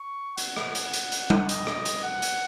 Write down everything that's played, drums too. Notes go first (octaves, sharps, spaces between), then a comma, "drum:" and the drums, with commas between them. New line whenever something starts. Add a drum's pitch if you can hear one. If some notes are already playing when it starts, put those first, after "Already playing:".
Already playing: C#6
F#5, drum: hi-hat
drum: rim click
drum: hi-hat
drum: hi-hat
drum: hi-hat
drum: tom G3
D#5, drum: hi-hat
drum: rim click
drum: hi-hat
F#5
drum: hi-hat